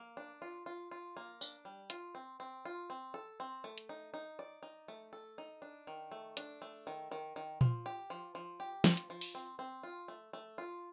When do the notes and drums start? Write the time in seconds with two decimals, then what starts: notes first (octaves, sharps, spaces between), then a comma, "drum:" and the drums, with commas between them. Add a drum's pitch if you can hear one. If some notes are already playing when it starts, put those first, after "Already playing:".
Already playing: A#3
0.17 D4
0.42 F4
0.66 F4
0.91 F4
1.17 A#3
1.41 D4, drum: tambourine
1.65 G3
1.90 F4, drum: hi-hat
2.15 C4
2.40 C4
2.65 F4
2.90 C4
3.14 A4
3.40 C4
3.64 A3
3.78 drum: hi-hat
3.89 D#4
4.14 D#4
4.39 D5
4.63 D#4
4.88 A3
5.13 A4
5.38 D#4
5.62 D4
5.87 D#3
6.11 A3
6.37 D4, drum: hi-hat
6.62 A3
6.87 D#3
7.11 D#3
7.36 D#3
7.61 F3, drum: tom A#2
7.86 G4
8.10 F3
8.35 F3
8.60 G4
8.84 F3, drum: snare
8.97 drum: hi-hat
9.10 F3
9.21 drum: open hi-hat
9.35 C4
9.59 C4
9.83 F4
10.08 A3
10.33 A3
10.58 F4